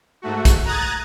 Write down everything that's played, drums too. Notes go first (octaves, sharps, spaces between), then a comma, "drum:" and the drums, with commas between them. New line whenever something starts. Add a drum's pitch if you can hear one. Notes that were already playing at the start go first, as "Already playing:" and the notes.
G#2 A3 F#4
drum: kick, hi-hat
A#5 D#6 F#6 G#6 A6